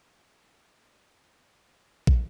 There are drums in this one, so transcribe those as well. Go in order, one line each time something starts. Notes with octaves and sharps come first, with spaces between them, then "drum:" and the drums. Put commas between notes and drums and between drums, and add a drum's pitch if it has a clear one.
D4 E4 G4 F#5 G#5 A#5
drum: kick